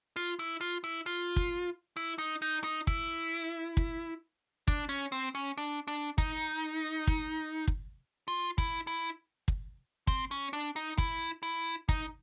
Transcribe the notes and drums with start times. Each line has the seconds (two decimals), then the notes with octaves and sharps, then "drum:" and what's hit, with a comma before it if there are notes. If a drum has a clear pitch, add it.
0.16 F4
0.39 E4
0.61 F4
0.84 E4
1.06 F4
1.36 drum: kick
1.97 E4
2.18 D#4
2.42 D#4
2.64 D#4
2.87 E4, drum: kick
3.77 drum: kick
4.68 D4, drum: kick
4.89 C#4
5.12 C4
5.35 C#4
5.58 D4
5.88 D4
6.18 D#4, drum: kick
7.07 drum: kick
7.68 drum: kick
8.28 F4
8.58 E4, drum: kick
8.87 E4
9.48 drum: kick
10.07 C4, drum: kick
10.31 C#4
10.53 D4
10.76 D#4
10.98 E4, drum: kick
11.43 E4
11.89 D#4, drum: kick